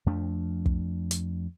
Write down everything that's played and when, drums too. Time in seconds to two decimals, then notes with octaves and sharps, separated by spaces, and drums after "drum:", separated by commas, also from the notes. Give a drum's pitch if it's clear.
0.06 F2 F3 A3 D4
0.66 drum: kick
1.11 drum: hi-hat